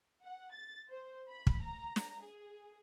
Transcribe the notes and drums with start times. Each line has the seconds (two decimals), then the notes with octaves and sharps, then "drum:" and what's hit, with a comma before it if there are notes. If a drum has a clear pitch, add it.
0.22 F#5
0.52 A6
0.89 C5
1.29 B5
1.47 drum: kick
1.61 A#5
1.96 drum: snare
2.21 G#4